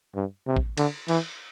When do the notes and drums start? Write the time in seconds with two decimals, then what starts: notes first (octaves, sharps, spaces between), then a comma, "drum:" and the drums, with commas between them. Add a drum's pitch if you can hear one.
0.15 G2
0.47 C3
0.57 drum: kick A1
0.77 D3, drum: cymbal
1.08 E3, drum: cymbal